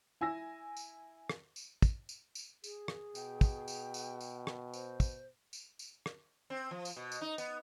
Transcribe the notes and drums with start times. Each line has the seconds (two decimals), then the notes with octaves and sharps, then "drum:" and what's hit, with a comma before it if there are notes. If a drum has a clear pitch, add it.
0.21 E4 G#5 E6 A#6
0.77 drum: tambourine
1.30 drum: rim click
1.56 drum: tambourine
1.82 drum: kick, tambourine
2.09 drum: tambourine
2.35 drum: tambourine
2.64 G#4, drum: tambourine
2.88 drum: rim click
3.15 B2 G5, drum: tambourine
3.41 drum: kick, tambourine
3.68 drum: tambourine
3.94 drum: tambourine
4.21 drum: tambourine
4.47 drum: rim click
4.73 C5, drum: tambourine
5.00 drum: kick, tambourine
5.53 drum: tambourine
5.79 drum: tambourine
6.06 drum: rim click
6.50 C4
6.71 F3
6.85 drum: tambourine
6.97 B2
7.12 drum: tambourine
7.21 D#4
7.38 B3, drum: tambourine